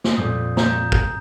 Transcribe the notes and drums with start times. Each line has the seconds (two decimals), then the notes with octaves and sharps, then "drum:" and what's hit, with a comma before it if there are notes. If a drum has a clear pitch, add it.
0.04 drum: snare
0.17 F2 A#2 D#6 G6
0.57 A#5 G6, drum: snare
0.92 drum: kick